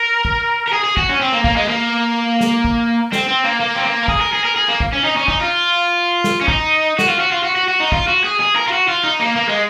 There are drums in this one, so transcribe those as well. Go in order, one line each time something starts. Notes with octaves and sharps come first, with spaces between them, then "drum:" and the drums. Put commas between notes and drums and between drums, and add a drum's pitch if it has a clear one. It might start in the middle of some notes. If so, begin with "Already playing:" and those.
Already playing: A#4
drum: kick
A#4
G#4
G#4
F#4, drum: kick
C#4
C4
A#3
A#3, drum: kick
G#3
A#3
drum: snare
drum: kick
C4, drum: snare
C4
A#3
A#3
C4
A#3
A#4
G#4, drum: kick
A#4
G#4
A#4
G#4
A#3
drum: kick
C#4
D#4
C#4
D#4, drum: kick
F4
drum: snare
C#4
D#4, drum: kick
F#4, drum: snare
F4
F#4
F4
F#4
F#4
F#4
D#4
F4, drum: kick
F#4
G#4
G#4
A#4
F4
F#4
F4
D#4
A#3
A#3
G#3